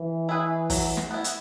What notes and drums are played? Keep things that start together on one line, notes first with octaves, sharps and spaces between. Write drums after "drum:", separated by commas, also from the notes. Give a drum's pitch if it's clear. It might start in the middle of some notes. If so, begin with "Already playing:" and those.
Already playing: E3
E4 G#4 B4
F#3, drum: kick, open hi-hat
drum: snare
B3 E4
drum: hi-hat